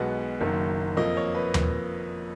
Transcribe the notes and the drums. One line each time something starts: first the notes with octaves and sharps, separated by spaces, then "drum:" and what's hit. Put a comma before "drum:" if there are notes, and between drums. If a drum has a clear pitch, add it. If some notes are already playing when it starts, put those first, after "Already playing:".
Already playing: B1 B2 G#3 B3 F#5
F#1 F#2 D#3 A#3
F2 F3 A#3 D#5
C#5
B4
drum: tom D#2